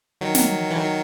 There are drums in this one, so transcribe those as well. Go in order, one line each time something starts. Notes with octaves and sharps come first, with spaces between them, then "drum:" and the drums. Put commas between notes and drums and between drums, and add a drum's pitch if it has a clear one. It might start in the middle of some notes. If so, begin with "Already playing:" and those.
D#3 F#3
drum: snare
E3
D#3 F#3